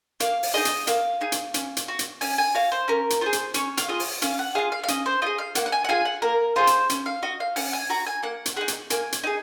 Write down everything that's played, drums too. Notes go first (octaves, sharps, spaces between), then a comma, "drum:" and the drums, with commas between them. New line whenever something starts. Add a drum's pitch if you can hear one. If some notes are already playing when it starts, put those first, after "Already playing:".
A#3 F5, drum: hi-hat
drum: open hi-hat
D#4 G#4 D#5
drum: hi-hat
A#3 F5, drum: hi-hat
D#4 G#4
drum: hi-hat
C#4, drum: hi-hat
drum: hi-hat
F#4
drum: hi-hat
C#4 G#5, drum: open hi-hat
G#5
F#4 F5
C5
C#4 A#4
drum: hi-hat
F4 G#4 C5
drum: hi-hat
C#4 C#5, drum: hi-hat
F5, drum: hi-hat
F4 G#4 D#5
drum: open hi-hat
C#4 F5, drum: hi-hat
F#5
F4 G#4 F5
F5
F5
C#4 D#5, drum: hi-hat
C5
F4 G#4 D#5
F5
A#3 F#5, drum: hi-hat
F#5
G#5
F#5
F4 G#4 G#5
F#5
A#3 A#4
F4 G#4 C5
drum: hi-hat
C#4, drum: hi-hat
F5
F#4 D#5
F5
C#4 F#5, drum: open hi-hat
G#5
F#4 A#5
G#5
A#3 F#5
drum: hi-hat
D#4 G#4 F#5
drum: hi-hat
A#3 G#5, drum: hi-hat
drum: hi-hat
D#4 G#4